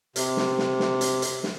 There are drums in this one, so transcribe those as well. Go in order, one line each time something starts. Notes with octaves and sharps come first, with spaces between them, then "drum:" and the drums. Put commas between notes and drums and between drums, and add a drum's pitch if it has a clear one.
C3, drum: hi-hat
drum: snare
drum: snare
drum: snare
drum: hi-hat
drum: hi-hat
drum: snare